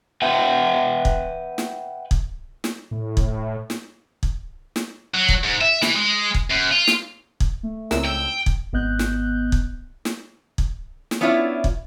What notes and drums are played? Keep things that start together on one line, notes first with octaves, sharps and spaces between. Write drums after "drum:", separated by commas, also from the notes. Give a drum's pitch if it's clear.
B4 E5 F#5 G5
drum: kick
drum: snare
drum: kick
drum: snare
A2
drum: kick
drum: snare
drum: kick
drum: snare
F#3
drum: kick
G#2
E5
E3, drum: snare
G#3
drum: kick
F#2
F4
drum: snare
drum: kick
A3
C#2 C4 E4 A#4 E6, drum: snare
G5
drum: kick
G#1 B3 D#5 F#6 G6
drum: snare
drum: kick
drum: snare
drum: kick
drum: snare
B3 C#4 D4 E4 F4
drum: kick